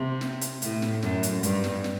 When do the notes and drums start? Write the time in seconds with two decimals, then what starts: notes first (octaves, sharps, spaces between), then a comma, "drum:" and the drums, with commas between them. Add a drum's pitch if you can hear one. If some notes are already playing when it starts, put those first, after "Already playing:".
Already playing: C3
0.21 drum: snare
0.41 drum: hi-hat
0.62 A2, drum: hi-hat
0.82 drum: snare
1.03 F#2, drum: snare
1.23 drum: hi-hat
1.43 G2, drum: hi-hat
1.64 drum: snare
1.84 drum: snare